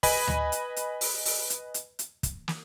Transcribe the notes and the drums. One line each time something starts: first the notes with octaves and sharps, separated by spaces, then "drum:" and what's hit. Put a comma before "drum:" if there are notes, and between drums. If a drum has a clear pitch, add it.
B4 D#5 G#5 B5, drum: kick, open hi-hat
drum: tom D2
drum: hi-hat
drum: hi-hat
drum: open hi-hat
drum: open hi-hat
drum: hi-hat
drum: hi-hat
drum: hi-hat
drum: kick, hi-hat
drum: snare